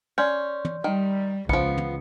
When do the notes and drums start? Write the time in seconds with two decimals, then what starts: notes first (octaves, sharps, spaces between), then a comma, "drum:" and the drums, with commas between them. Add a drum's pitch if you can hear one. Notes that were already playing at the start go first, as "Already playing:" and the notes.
0.18 C#4 D5 C6 G6
0.65 drum: tom
0.84 D#3 G3
1.49 C#2 F3 B3 C#7, drum: kick A#1
1.78 drum: tom